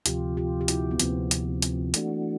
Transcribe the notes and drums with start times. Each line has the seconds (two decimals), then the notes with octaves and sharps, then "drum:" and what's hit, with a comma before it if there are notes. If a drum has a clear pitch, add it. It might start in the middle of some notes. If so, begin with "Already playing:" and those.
0.06 D2 C3 F3 F4 G4, drum: hi-hat
0.37 F4 G4
0.61 G4
0.68 E4 F#4, drum: hi-hat
0.91 B3
1.00 D2 C3 F3 A#3 C4, drum: hi-hat
1.31 drum: hi-hat
1.62 drum: hi-hat
1.94 E3 A3 D4 F#4, drum: hi-hat